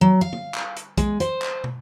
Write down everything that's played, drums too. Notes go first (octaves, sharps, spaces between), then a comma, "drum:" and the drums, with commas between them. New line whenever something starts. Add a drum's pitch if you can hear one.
F#3
F5
drum: tom
drum: clap
drum: hi-hat
G#3, drum: kick B1, hi-hat
C5, drum: hi-hat
drum: clap
drum: tom